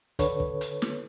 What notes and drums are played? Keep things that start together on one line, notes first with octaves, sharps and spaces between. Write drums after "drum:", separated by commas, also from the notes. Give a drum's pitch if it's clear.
D3 A4 B4 C#5, drum: kick, hi-hat
drum: kick
drum: hi-hat
drum: snare